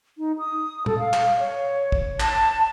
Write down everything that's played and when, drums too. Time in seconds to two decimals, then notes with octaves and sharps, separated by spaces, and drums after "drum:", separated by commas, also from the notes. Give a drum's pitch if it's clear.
0.18 D#4
0.38 D#6
0.86 A4, drum: tom A#2
0.99 F5
1.13 drum: clap
1.40 C#5
1.92 drum: kick
2.20 A5, drum: clap